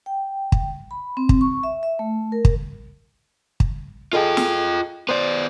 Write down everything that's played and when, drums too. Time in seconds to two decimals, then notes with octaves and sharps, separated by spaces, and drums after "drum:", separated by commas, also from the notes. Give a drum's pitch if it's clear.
0.06 G5
0.52 drum: kick
0.91 B5
1.17 C4
1.29 drum: kick
1.41 C#6
1.63 E5
1.83 E5
1.99 A3
2.32 A#4
2.45 drum: kick
3.60 drum: kick
4.13 F4 G#4 A4 D#5 G5
4.37 drum: snare
5.09 B3 C5 D5